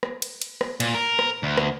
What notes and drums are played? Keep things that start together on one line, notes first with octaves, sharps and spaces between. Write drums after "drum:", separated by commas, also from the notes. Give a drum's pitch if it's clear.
drum: rim click
drum: cymbal
drum: cymbal
drum: rim click
A#2, drum: cymbal
A#4
drum: rim click
D2
drum: rim click